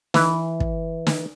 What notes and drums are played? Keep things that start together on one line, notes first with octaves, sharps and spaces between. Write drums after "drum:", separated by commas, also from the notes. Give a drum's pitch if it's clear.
E3 B4, drum: snare
drum: kick
drum: snare